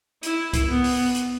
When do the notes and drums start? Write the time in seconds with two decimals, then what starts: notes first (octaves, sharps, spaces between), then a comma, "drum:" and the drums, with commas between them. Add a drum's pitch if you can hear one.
0.23 E4, drum: hi-hat
0.53 drum: kick C2, hi-hat
0.68 B3
0.84 drum: open hi-hat
1.15 drum: hi-hat